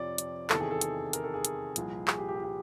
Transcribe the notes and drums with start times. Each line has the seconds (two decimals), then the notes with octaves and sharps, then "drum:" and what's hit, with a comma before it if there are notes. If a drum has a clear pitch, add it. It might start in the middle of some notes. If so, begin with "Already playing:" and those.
Already playing: F2 C3 F3 C#5 D5
0.18 drum: hi-hat
0.50 E2 C3 D#3 A4, drum: clap
0.60 G#4
0.71 A4
0.81 drum: hi-hat
1.13 A#4, drum: hi-hat
1.24 A4
1.34 G#4
1.45 drum: hi-hat
1.76 C2 A#2 F3, drum: hi-hat
2.08 G#4, drum: clap
2.18 G4
2.28 G4
2.35 G#4
2.44 G4